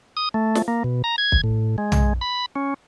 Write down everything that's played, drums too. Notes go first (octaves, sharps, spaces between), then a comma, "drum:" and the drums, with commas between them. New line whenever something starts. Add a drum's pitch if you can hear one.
D#6
A3
drum: snare
A#3
B2
A#5
G#6
drum: kick
A2
G#3
drum: tom
B5
C#4